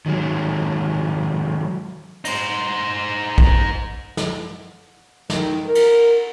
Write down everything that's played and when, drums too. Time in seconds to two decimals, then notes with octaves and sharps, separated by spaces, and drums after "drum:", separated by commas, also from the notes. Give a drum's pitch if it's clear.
0.06 D#3 F#3 G#3
2.25 D#4 C5, drum: cymbal
3.38 drum: kick
4.17 drum: snare
5.30 D#3, drum: snare
5.66 A#4
5.75 drum: cymbal